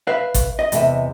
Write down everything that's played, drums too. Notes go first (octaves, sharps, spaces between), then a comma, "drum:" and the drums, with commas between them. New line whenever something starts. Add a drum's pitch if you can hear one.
B4 E5 F5
drum: kick, hi-hat
D#5
E2 C3 E5, drum: hi-hat